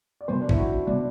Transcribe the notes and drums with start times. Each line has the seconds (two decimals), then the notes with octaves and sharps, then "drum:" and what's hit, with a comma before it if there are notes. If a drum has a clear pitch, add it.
0.21 D5
0.28 C3 G3 B3 C5
0.42 D4
0.49 E4, drum: kick G#1
0.58 F#4
0.87 C3 G3 B3 D4